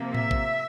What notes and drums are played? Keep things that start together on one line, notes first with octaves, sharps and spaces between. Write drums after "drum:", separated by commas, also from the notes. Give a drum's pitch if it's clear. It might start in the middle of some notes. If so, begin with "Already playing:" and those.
Already playing: C3 F3 A#3
E5, drum: tom A2
drum: kick A1